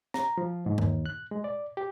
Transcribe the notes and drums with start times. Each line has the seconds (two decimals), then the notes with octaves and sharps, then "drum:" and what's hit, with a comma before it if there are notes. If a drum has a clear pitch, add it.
0.14 A#5, drum: snare
0.38 F3
0.66 G#2
0.78 D#2, drum: tom G2
1.06 F#6
1.31 G#3
1.44 D5
1.77 G4